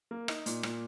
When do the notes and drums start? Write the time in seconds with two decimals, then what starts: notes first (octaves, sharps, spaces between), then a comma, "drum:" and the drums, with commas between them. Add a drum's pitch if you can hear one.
0.11 A#3
0.28 D#4, drum: rim click
0.46 A#2, drum: hi-hat
0.63 A#2, drum: rim click